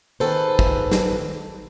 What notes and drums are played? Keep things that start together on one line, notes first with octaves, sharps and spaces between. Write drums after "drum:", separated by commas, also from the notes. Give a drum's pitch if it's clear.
D#3 G#4 A4 B4 C5
drum: kick
drum: snare